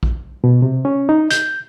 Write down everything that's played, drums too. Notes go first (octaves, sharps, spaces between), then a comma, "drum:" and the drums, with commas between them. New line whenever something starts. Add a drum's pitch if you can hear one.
drum: kick A#1
B2
C3
C#4
D#4
G6, drum: hi-hat